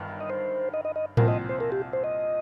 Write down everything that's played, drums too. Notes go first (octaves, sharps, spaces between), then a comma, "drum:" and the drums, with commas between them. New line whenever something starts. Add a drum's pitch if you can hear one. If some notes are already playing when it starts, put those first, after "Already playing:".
Already playing: G1 G2 D#3
D#5
C5
D#5
D#5
D#5
C2 A#2 F3 C4 A#4, drum: tom A2
D#5
C5
A#4
G4
C5
D#5